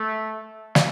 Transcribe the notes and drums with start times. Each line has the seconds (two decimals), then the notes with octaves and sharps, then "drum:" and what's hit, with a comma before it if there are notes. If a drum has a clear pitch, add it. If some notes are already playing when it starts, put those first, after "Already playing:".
Already playing: A3
0.75 drum: snare